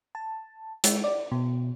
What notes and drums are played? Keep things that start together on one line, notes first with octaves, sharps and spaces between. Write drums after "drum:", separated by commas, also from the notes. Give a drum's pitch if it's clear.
A5
G#3, drum: hi-hat
D5
B2